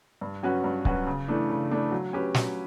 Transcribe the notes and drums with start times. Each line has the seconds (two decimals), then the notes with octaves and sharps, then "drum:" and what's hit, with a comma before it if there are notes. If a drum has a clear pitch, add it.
0.21 G2
0.43 F#3 C#4 F#4 B4
0.64 G2
0.85 F#3 C#4 F#4 B4, drum: kick C#1
1.06 C#3
1.28 E3 A3 D4
1.49 C#3
1.70 E3 A3 D4
1.91 F#3
2.13 C#4 G4 B4
2.34 F#3, drum: snare